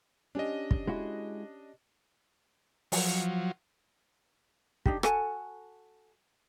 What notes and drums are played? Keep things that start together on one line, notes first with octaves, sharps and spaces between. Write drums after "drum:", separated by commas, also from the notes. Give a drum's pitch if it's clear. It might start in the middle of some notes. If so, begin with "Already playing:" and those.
C#4 D4 G4 D#5
drum: kick
G#3 E4 F#4
F3 F#3, drum: open hi-hat
D4 D#4 G4, drum: kick
F#4 A4 G#5 A5, drum: rim click